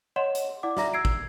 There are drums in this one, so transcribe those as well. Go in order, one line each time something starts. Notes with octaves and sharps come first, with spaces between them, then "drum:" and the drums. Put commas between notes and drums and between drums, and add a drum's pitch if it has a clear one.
C#5 D#5 F#5 C6 E7
drum: hi-hat
E4 D5 F#5 D6
F#4 D5 E5 A#5 A#6, drum: snare
E6 G#6 C7 D7
drum: kick